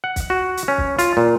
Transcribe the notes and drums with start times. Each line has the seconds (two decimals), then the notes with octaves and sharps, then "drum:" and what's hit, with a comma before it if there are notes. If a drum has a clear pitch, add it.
0.04 F#5
0.16 drum: kick, hi-hat
0.30 F#4
0.57 drum: hi-hat
0.68 C#4
0.78 drum: kick
0.99 F4, drum: hi-hat
1.17 A#2